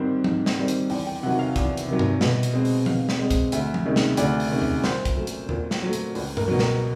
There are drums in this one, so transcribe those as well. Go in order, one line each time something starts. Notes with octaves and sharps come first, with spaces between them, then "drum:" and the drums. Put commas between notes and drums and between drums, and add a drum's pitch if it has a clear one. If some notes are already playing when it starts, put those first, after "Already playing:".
Already playing: G#2 D#3 G3 C4
G#2, drum: tom F3
drum: snare
D#3 G3 C4
drum: hi-hat
E2 G5, drum: open hi-hat
G5
C3 D#3 F#3 F#5
F5
E2, drum: kick A#1, hi-hat
drum: hi-hat
C3 D#3 F#3
drum: tom G2
B2, drum: snare
drum: hi-hat
G#3 C4
drum: open hi-hat
B2 F5, drum: tom F3
drum: snare
G#3 C4
drum: kick A#1, hi-hat
D2 E5, drum: hi-hat
drum: tom F3
C3 D#3 G#3 C#4
drum: snare
D2 D5, drum: hi-hat
drum: open hi-hat
C3 D#3 G#3 C#4
drum: tom E2
A#2 C5, drum: snare
drum: kick A#1, hi-hat
F#3 A3
drum: hi-hat
A#2, drum: tom E2
drum: snare
F#3 A3
drum: hi-hat
C#2, drum: open hi-hat
A#4, drum: tom G2
B2 F#3
A#4, drum: snare